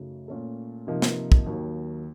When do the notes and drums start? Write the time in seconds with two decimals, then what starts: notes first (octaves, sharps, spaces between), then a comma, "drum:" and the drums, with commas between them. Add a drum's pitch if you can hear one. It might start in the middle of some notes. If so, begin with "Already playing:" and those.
Already playing: F#2 C#3 F#3 A3 D#4
0.28 A#2 A3 C#4 A4
0.87 C3 F3 A#3 D#4
1.02 drum: snare
1.32 drum: kick
1.46 D#2 D#3 F#3 A#3